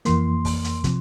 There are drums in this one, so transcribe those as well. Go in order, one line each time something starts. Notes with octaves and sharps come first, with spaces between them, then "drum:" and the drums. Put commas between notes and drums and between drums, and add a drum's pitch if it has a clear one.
F2 E3 A#3 C6, drum: hi-hat
drum: kick, open hi-hat
drum: hi-hat
C3 F3, drum: kick, hi-hat